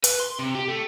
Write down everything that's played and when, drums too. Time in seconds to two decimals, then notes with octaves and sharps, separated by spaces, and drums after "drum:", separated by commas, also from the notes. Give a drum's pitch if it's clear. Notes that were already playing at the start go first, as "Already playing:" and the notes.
0.04 B4, drum: hi-hat
0.20 C6
0.39 C3
0.55 G4
0.68 A3